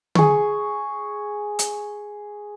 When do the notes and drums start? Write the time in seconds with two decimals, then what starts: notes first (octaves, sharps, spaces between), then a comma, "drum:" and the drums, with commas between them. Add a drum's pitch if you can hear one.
0.15 G#4 C#6, drum: tom D3
1.59 drum: hi-hat